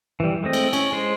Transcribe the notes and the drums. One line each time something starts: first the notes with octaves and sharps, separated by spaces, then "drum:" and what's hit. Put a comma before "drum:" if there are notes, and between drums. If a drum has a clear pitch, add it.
E3 G3
G#3 A3 C4 D#5
drum: cymbal
C#4, drum: cymbal
G#3 C5